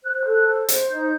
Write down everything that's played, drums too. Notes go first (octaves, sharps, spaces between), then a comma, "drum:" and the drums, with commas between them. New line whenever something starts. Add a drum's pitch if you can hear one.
C5 F#6
F#6
A4
F#6
C5
C5, drum: hi-hat
D#4 G6